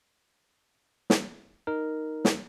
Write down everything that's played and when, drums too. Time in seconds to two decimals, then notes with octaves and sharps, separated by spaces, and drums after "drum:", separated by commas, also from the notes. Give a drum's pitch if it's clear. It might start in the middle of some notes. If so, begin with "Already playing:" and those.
1.10 drum: snare
1.67 D#4 A#4
2.25 drum: snare